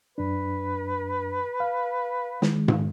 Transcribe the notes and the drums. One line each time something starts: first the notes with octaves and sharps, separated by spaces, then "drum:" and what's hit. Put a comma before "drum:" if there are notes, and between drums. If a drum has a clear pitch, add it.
F#2 D4 B4
F5
D#3 G#3, drum: snare
drum: tom G#2